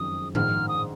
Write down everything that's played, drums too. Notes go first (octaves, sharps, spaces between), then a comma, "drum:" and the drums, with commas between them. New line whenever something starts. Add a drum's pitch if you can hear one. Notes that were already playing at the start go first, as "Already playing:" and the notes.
Already playing: F#1 F2 D#3 G#3 D#6
A#1 G#2 D#3 F6, drum: tom A2
D#6